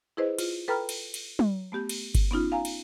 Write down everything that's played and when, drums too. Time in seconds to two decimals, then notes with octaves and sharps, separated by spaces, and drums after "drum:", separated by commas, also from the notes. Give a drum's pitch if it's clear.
0.17 E4 G#4 B4 C5 D#5
0.39 F4, drum: cymbal
0.68 A4 B4 G5 A#5 B5 F6
0.89 drum: cymbal
1.14 drum: cymbal
1.39 drum: tom
1.72 A3 B3 G4 G6
1.89 drum: cymbal
2.15 drum: kick G1, cymbal
2.31 B3 C#4 D#4 F4
2.52 F5 G#5 A#5
2.65 drum: cymbal